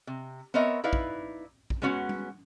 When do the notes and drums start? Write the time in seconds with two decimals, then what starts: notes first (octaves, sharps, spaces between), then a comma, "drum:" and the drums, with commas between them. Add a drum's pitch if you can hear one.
0.07 C3
0.54 B3 C4 A#4 C#5 D#5 E5
0.84 D#4 E4 B4 D5 F5
0.93 drum: kick
1.70 drum: kick
1.82 G#3 B3 C#4 F#4 F#5
2.09 drum: tom G3